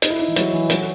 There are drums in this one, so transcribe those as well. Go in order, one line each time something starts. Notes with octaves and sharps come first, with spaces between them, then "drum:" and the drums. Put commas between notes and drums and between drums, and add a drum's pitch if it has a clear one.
D#4, drum: hi-hat
E4
D#4
E3
F#3, drum: hi-hat
E3
F#3, drum: hi-hat